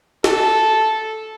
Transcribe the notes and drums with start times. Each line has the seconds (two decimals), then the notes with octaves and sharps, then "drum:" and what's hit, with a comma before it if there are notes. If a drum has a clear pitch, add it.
0.24 A4, drum: snare